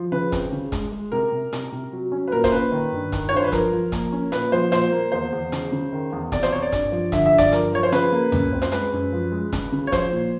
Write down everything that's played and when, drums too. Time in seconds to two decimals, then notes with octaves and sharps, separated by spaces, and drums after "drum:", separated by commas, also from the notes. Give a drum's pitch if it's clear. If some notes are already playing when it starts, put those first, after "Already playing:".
Already playing: F3
0.12 C#3 B4
0.32 C4, drum: kick, hi-hat
0.52 C#3
0.72 G#3, drum: kick, hi-hat
0.92 G#3
1.12 C3 A#4
1.32 C3
1.53 C3, drum: hi-hat
1.72 C3
1.92 F#3
2.12 C#4
2.28 B4
2.32 A#2 A#4
2.44 C5, drum: kick, hi-hat
2.52 C#4 B4
2.72 D#3
2.92 G2
3.12 D#3, drum: kick, hi-hat
3.29 C#5
3.32 G2 C5
3.44 B4
3.52 F3 A#4, drum: kick, hi-hat
3.72 F3
3.92 A#3, drum: kick, hi-hat
4.12 C#4
4.32 A#2 B4, drum: hi-hat
4.52 F3 C5
4.72 A#2 C5, drum: hi-hat
4.92 A#3
5.12 E2 C5
5.32 E2
5.52 C#3, drum: hi-hat
5.72 C#3
5.92 D#3
6.12 E2
6.32 C3 D5, drum: kick, hi-hat
6.43 C5, drum: hi-hat
6.53 C3 C#5
6.62 D5
6.72 G2, drum: kick, hi-hat
6.92 F3
7.12 D3 E5, drum: kick, hi-hat
7.26 E5
7.33 G2
7.38 D5, drum: kick, hi-hat
7.52 F3 A#4, drum: hi-hat
7.72 F3 C#5
7.83 C5
7.92 C#3 B4, drum: hi-hat
8.12 A#3
8.32 F#2, drum: tom C#2
8.53 C4
8.62 C5, drum: hi-hat
8.72 G#3 B4, drum: hi-hat
8.93 F#2
9.12 F3
9.32 G#3
9.52 C#3, drum: kick, hi-hat
9.72 C#3
9.87 C#5
9.92 F3 C5, drum: kick, hi-hat
10.12 A#2